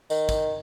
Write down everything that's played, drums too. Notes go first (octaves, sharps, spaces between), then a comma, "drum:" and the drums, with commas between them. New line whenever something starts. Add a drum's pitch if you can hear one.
D#3, drum: tambourine
drum: kick, tambourine